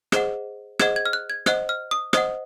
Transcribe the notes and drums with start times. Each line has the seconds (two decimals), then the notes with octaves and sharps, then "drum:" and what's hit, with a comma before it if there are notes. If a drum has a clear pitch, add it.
0.12 G#4 C5 D#5 F#5, drum: rim click
0.79 G#4 C5 D#5 F#5 G#6, drum: rim click
0.96 G#6
1.06 F6
1.13 F#6
1.30 G#6
1.46 C5 D#5 F#5 F#6, drum: rim click
1.69 F6
1.91 D#6
2.13 C5 D#5 F#5 D#6, drum: rim click